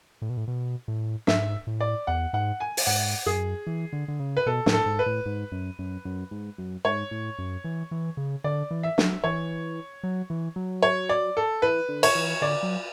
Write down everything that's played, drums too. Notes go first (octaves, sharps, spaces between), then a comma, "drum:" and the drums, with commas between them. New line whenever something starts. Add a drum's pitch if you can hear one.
A2
B2
A2
B2
A2
G#2 E5, drum: snare
A2
D5
E2 F#5
G#2 F#5
G#5
drum: open hi-hat
G#2 F#5
F#2 G#4
E3
D3
D3
C#3
B4
B2 A4
A2, drum: snare
A4
G#2
B4
A2
G#2
F#2
F#2
F#2
G#2
F#2
G#2 C#5
A2
F#2
E3
E3
C#3
D3 D5
E3
E5
F#3, drum: snare
E3 C#5
F#3
E3
F#3
C#5
D5
A4
E3 B4
D3
C#5, drum: cymbal
E3
D3 D5
F#3